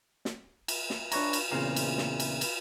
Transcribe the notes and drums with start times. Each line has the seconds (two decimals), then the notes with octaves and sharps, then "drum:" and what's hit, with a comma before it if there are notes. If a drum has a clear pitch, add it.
0.25 drum: snare
0.68 drum: cymbal
0.90 drum: snare
1.12 D4 B4 C#5 A#5, drum: cymbal
1.33 drum: cymbal
1.51 E2 A#2 C#3 C4 F5 A#5
1.76 drum: cymbal
1.98 drum: snare
2.20 drum: cymbal
2.41 drum: cymbal